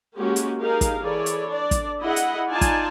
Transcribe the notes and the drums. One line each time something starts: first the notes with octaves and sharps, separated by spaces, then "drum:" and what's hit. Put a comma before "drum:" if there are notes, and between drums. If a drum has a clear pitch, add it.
G#3 A#3 C#4 F#4 G4
drum: hi-hat
D#4 G4 G#4 A#4 F5
drum: kick, hi-hat
E3 G#4 A4 C#5 D5
drum: hi-hat
D4 D5
drum: kick, hi-hat
E4 G#4 D#5 F#5
drum: hi-hat
D#4 F4 D5 G#5 A5
drum: kick, hi-hat